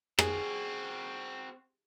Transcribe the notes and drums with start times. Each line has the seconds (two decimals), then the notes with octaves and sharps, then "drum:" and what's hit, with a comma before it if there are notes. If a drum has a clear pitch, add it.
0.19 C4 F#4 G#4, drum: rim click